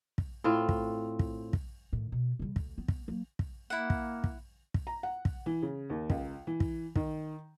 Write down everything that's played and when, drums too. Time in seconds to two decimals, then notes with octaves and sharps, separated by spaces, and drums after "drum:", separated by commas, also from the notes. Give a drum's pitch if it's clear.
0.18 drum: kick
0.44 A2 C4 F4
0.69 drum: kick
1.19 drum: kick
1.53 drum: kick
1.93 A2 D#3
2.12 B2
2.39 C#3 G3
2.56 D2, drum: kick
2.78 B3
2.88 drum: kick
3.08 F#3 A#3
3.39 drum: kick
3.70 A#3 E4 F#5
3.90 drum: kick
4.24 drum: kick
4.74 drum: kick
4.87 A#5
5.03 F#5
5.25 drum: kick
5.46 E3
5.62 C#3
5.90 D#2
6.10 C#2, drum: kick
6.47 E3
6.60 drum: kick
6.96 D#3, drum: kick